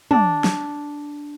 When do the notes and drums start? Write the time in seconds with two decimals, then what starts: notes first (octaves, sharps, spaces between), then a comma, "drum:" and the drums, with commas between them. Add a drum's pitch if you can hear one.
0.11 D4, drum: tom
0.44 drum: snare